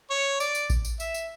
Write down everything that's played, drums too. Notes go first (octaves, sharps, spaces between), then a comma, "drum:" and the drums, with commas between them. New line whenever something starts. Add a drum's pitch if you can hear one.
C#5
D5, drum: tambourine
drum: tambourine
drum: kick A1, tambourine
drum: tambourine
E5, drum: tambourine
drum: tambourine